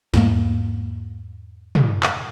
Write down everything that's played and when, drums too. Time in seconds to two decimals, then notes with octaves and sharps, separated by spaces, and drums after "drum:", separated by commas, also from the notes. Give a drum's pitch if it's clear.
0.14 E2 G#2 A#3, drum: snare
1.75 drum: tom
2.03 drum: clap